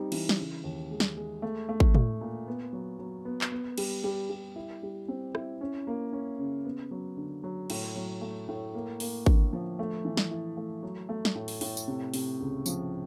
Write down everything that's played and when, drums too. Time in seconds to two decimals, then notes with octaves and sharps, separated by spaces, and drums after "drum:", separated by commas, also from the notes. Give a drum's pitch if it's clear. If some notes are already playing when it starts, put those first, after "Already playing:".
Already playing: G3 C4 D#4
0.12 E3, drum: cymbal
0.29 drum: snare
0.38 C#3
0.64 D#2
0.91 G#3
1.00 drum: snare
1.17 G#3
1.42 A3
1.69 A3
1.80 drum: kick G#1
1.95 A3, drum: tom A2
2.21 A#2
2.48 B3
2.73 F#3
2.99 F#3
3.25 B3
3.41 drum: clap
3.52 B3
3.78 G3, drum: cymbal
4.04 G3
4.30 G3
4.56 E4
4.83 G3
5.08 C4
5.35 E4, drum: rim click
5.61 C#4
5.87 A#3
6.13 C#4
6.39 C#3
6.64 B3
6.91 F#3
7.17 D3
7.43 F#3
7.70 A2, drum: cymbal
7.95 F#3
8.21 A3
8.48 A2
8.74 A#3
9.00 A#3, drum: open hi-hat
9.26 D3, drum: kick G#1
9.53 F3
9.79 A3
10.05 E3
10.17 drum: snare
10.31 E4
10.57 A3
10.82 F#3
11.09 A3
11.25 drum: snare
11.35 A2
11.48 drum: open hi-hat
11.61 A2, drum: open hi-hat
11.77 drum: tambourine
11.88 C3
12.14 C3, drum: open hi-hat
12.40 C#2
12.66 F3, drum: tambourine